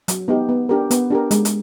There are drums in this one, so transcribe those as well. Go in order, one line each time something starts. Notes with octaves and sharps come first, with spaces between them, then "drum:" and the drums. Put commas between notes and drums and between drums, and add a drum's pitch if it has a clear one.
F#3, drum: hi-hat
B3 D#4 G4
B3
D4 G4 A#4
B3, drum: hi-hat
D4 G4 A#4
G#3, drum: hi-hat
drum: hi-hat